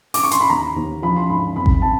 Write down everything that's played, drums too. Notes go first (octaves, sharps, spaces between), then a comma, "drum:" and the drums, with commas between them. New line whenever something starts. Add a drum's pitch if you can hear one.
D6, drum: open hi-hat
C#6
C6, drum: hi-hat
B5
D#2 A#5
D#2
F3 B5
C6
G#2 B5
F2 B5
drum: kick A1
A5